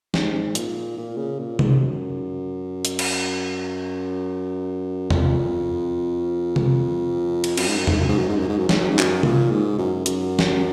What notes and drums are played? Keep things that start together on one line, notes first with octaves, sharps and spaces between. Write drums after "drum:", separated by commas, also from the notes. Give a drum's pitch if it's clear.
G#2, drum: snare
A#2, drum: hi-hat
A#2
C#3
A#2
G#2, drum: tom C3
F#2
drum: hi-hat
drum: cymbal
F2, drum: tom
drum: tom C3
drum: cymbal
F#2, drum: cymbal
G#2
F#2
G#2, drum: tom
F#2
G#2
F#2
G#2
F#2
G#2
F#2
G#2, drum: snare
F#2
G#2
F#2, drum: clap
A#2, drum: tom C3
G#2
F#2
F#2, drum: hi-hat
drum: snare